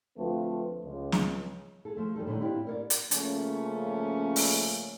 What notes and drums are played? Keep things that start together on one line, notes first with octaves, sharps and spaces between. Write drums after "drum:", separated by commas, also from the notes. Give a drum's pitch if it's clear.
D2 F3 A3 C4 F4 B4
C#2
drum: snare
G#4 A4
F3 A3
F#2 D#3 G3 A4
A2 D3 D#3
C4 D4 E4 F4 G4
A#4 C#5 D5
drum: hi-hat
C#3 F3 A3 A#3 C#4, drum: hi-hat
drum: open hi-hat